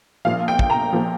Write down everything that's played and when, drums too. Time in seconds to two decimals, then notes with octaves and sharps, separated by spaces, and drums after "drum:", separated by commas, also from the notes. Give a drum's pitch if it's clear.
0.25 A#1 A#2 F3 F5
0.48 G5
0.59 drum: kick
0.70 A#5
0.93 A#2 F3